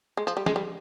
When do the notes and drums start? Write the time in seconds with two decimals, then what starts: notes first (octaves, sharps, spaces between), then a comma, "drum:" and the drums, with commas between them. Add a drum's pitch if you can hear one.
0.17 G#3
0.27 F3
0.37 G3
0.46 G#3, drum: snare
0.56 G3